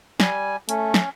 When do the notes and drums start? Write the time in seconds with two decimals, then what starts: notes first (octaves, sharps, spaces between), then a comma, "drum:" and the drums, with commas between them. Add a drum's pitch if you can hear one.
0.20 G3 G#5, drum: snare
0.69 A3 C#4, drum: hi-hat
0.94 drum: snare